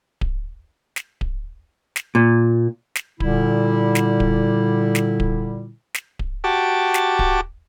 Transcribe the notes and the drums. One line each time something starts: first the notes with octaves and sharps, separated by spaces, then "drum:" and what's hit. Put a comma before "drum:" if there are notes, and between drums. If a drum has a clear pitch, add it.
drum: kick D1
drum: snare
drum: kick D1
drum: snare
A#2
drum: snare
A#2 D3 G3 E4, drum: kick D1
drum: snare
drum: kick D1
drum: snare
drum: kick D1
drum: snare
drum: kick D1
F#4 G4 A5 D6
drum: snare
drum: kick D1